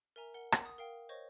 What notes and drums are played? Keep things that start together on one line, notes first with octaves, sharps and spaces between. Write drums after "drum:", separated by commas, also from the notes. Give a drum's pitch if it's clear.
A#4 E5 G#5 A#5
A#4 F#5 G7
F#5, drum: rim click
D#6
A#4 F5 G5
C5 C#5 D#5 C#6